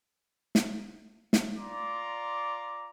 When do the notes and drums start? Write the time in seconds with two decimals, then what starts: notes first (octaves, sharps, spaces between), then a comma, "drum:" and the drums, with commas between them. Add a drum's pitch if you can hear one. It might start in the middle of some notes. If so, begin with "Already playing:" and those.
0.55 drum: snare
1.33 drum: snare
1.58 F4 D5 A#5 C6 D6